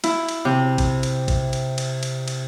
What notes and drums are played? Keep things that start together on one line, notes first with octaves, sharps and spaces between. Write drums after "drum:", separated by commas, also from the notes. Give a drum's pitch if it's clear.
E4, drum: cymbal
drum: cymbal
C3
drum: kick A1, cymbal
drum: cymbal
drum: kick A1, cymbal
drum: cymbal
drum: cymbal
drum: cymbal
drum: cymbal